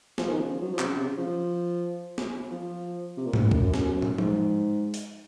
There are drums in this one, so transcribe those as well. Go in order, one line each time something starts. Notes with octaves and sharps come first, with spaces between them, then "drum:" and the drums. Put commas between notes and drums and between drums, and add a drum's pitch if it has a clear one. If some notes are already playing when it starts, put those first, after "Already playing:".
F3, drum: snare
D#3
C#3
F3
F#3
F3
C3, drum: clap
C#3
C3
C#3
F3
drum: snare
F3
C3
A#2
G#2, drum: tom G#2
A#2
F#2, drum: kick
F#2
F#2, drum: snare
drum: tom
G#2, drum: tom F3
drum: open hi-hat